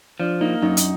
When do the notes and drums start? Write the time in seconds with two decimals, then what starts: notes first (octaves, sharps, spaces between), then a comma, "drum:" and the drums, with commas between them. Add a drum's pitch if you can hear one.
0.19 F3 D4
0.41 A#3 D#4
0.62 F#2 D#4
0.77 drum: hi-hat